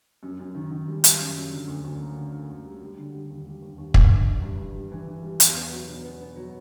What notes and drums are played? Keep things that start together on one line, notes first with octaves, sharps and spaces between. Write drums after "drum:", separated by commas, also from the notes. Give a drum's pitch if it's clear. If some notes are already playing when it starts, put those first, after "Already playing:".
F#2
F#2
D#3
D#3
G3
G3, drum: hi-hat
F#2
F#2
D3
D2
D2
A#3
D3
A#3
D2
G3
G3
D3
G3
D#2
G3
D#2
D#2
D3, drum: kick
G2
E3
G2
G2
G3
E3
E3
G3
E2, drum: hi-hat
B3
F#3
B2
B3
B3
F#3